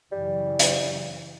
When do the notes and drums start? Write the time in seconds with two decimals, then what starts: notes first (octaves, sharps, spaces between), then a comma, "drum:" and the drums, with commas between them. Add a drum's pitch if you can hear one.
0.12 F#2 C#3 E3 G3
0.59 drum: hi-hat